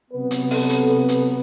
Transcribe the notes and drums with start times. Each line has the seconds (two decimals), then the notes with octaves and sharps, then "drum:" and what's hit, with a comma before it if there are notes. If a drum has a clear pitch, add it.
0.11 C3 F#3 B3 B4
0.31 drum: hi-hat
0.51 A4, drum: open hi-hat
0.70 drum: hi-hat
0.90 B4
1.09 drum: hi-hat